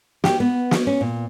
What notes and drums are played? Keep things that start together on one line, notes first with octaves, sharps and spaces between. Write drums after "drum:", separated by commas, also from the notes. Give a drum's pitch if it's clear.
G4, drum: snare
B3
drum: snare
C#4
A#2